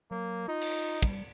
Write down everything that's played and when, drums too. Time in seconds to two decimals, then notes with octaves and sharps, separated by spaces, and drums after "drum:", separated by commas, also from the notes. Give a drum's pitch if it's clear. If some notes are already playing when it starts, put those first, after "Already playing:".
0.11 F#3 A#3
0.48 D#4 F4
0.62 drum: cymbal
1.02 G3, drum: kick